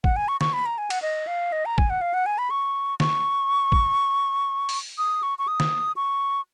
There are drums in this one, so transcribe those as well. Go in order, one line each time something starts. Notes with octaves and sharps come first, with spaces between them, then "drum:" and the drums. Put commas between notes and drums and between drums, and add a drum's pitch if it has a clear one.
F#5, drum: kick
G#5
C#6
C#6, drum: snare
B5
A#5
G#5
F#5, drum: cymbal
D#5
F5
D#5
A#5
G#5, drum: kick
F#5
F5
F#5
G#5
B5
C#6
C#6, drum: snare
drum: kick
drum: open hi-hat
D#6
C#6
C#6
D#6
drum: snare
C#6